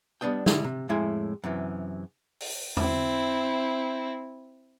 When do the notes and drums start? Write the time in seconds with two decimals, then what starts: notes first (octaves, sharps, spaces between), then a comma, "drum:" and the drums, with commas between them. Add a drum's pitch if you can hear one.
0.21 G3 B3 C4 D4 D#5 G5
0.46 D3 G3 G#3 E4, drum: snare
0.64 C3
0.89 F2 A2 G#3 E4 G#5
1.44 F#2 C3 E3
2.40 drum: open hi-hat
2.77 C4 E4, drum: tom E2